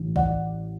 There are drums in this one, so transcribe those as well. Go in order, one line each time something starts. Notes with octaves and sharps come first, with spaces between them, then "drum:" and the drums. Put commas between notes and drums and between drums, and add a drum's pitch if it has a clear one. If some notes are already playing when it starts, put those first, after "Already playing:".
Already playing: A1
D5 F#5, drum: kick B1